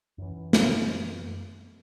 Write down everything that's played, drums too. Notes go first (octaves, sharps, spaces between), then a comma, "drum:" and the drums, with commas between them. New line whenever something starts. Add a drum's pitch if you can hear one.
F#2 E3
drum: snare